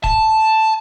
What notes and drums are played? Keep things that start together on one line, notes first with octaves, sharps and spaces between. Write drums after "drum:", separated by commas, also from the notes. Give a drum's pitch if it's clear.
A5, drum: kick